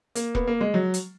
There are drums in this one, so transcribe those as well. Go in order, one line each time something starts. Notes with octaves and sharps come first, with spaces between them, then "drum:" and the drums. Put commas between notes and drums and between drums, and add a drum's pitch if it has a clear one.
A#3, drum: hi-hat
B3, drum: kick E1
A#3
G#3
F#3
drum: hi-hat